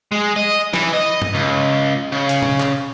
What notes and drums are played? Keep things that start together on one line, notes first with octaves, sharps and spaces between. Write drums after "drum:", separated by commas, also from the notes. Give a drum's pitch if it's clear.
G#3
D#5
E3, drum: snare
D#5
drum: tom G2
C#2
C#3
drum: hi-hat
drum: tom A#2
drum: clap